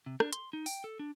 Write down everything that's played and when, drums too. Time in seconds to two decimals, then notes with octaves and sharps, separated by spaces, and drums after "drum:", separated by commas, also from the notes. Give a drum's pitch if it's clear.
0.06 C3
0.20 D4, drum: rim click
0.33 C6, drum: hi-hat
0.53 D#4
0.66 G5, drum: open hi-hat
0.84 A4
0.99 D4